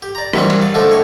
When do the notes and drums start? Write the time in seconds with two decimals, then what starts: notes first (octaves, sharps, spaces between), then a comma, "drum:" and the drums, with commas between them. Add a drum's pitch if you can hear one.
0.02 G4
0.15 D5 A#5
0.33 D#3 E3 F#3 G3 C4 C#4, drum: rim click
0.50 drum: cymbal
0.62 D5 F5
0.74 D3 F3 G#3 A3 D4 D#4
0.90 A2 C#5 G#5